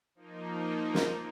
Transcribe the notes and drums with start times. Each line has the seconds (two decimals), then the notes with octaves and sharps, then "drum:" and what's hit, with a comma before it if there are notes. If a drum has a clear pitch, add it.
0.15 F3 A#3 D#4
0.95 drum: snare